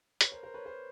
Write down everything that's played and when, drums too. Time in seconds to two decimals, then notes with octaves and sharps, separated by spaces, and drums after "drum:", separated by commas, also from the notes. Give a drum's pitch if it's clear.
0.21 B4 C#5, drum: hi-hat
0.32 A#4 C5
0.43 A#4 C5
0.54 B4 C#5
0.65 A#4 C5